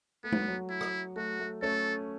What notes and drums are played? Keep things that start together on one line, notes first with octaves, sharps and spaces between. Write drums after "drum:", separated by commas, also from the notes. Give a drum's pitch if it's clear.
A3 B3
F#3, drum: tom
F#3
E4
drum: rim click
A3 F#4
A3
A3 C#4 A4